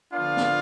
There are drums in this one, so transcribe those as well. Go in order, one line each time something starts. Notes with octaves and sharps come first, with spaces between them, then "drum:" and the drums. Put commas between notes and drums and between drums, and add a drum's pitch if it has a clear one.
D3 F3 B3 D4 F4 F5
drum: snare